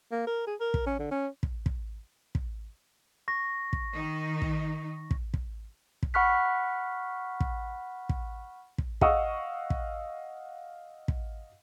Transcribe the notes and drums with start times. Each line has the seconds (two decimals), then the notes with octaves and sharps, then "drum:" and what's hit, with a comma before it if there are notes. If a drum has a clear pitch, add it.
0.12 A#3
0.27 A#4
0.47 G#4
0.60 A#4
0.74 drum: kick
0.87 C#4
0.99 D3
1.11 C#4
1.43 drum: kick
1.66 drum: kick
2.35 drum: kick
3.28 C#6 A#6
3.73 drum: kick
3.92 D#3 D#4
4.42 drum: kick
5.11 drum: kick
5.34 drum: kick
6.03 drum: kick
6.14 F#5 B5 C#6 F6 F#6 B6
7.40 drum: kick
8.09 drum: kick
8.78 drum: kick
9.01 D#5 F5 F#5 C#6 D#6 E6, drum: kick
9.70 drum: kick
11.08 drum: kick